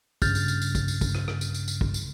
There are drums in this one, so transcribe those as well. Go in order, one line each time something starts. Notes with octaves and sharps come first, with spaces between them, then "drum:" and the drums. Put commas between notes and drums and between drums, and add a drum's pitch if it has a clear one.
G2 C#3 F6 G6 A6, drum: kick, tambourine
drum: tambourine
drum: tambourine
drum: tambourine
drum: kick, tambourine
drum: tambourine
drum: kick, tambourine
drum: rim click
drum: rim click
drum: tambourine
drum: tambourine
drum: tambourine
drum: kick
drum: tambourine